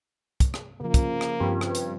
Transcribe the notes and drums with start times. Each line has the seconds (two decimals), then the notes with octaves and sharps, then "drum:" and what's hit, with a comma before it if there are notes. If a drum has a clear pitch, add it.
0.40 drum: kick, hi-hat
0.54 drum: rim click
0.81 C#3 F3 A#3
0.94 drum: kick, hi-hat
1.21 drum: rim click
1.40 G2 F3 C4
1.61 drum: rim click
1.75 drum: hi-hat